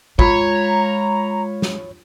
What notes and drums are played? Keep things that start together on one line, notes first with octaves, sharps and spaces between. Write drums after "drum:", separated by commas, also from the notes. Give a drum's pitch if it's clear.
G#3 F4 C#5 A#5 B5, drum: kick
drum: snare